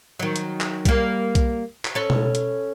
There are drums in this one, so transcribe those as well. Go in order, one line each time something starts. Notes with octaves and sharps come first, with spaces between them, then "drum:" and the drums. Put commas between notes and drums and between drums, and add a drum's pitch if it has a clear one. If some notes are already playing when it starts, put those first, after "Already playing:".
D#3 F#3
drum: hi-hat
drum: clap
G3 A#3, drum: kick B1, hi-hat
drum: kick B1, hi-hat
drum: clap
C#4 A4 B4
drum: tom B2
drum: hi-hat